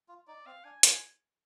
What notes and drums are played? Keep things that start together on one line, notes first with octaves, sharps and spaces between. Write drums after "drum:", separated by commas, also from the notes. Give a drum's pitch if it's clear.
F4
D#4 D5
C4 F5
D4 G#5
F4 G#5, drum: hi-hat